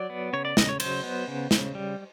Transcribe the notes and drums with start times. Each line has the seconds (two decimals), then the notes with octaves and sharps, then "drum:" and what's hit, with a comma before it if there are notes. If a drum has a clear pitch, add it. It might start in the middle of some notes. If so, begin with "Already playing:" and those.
Already playing: F#3 D5
0.10 B3
0.33 C#3 C#5
0.45 D5
0.57 C#3 D#5, drum: snare
0.69 C#5
0.80 F#3 C5, drum: cymbal
1.03 B3
1.28 C#3
1.51 C#3, drum: snare
1.75 G3